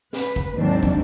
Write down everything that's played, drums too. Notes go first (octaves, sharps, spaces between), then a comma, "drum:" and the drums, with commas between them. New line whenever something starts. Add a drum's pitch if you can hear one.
B4, drum: snare
drum: kick
D#2 G#2 D#3 F#3 C4 D4
drum: kick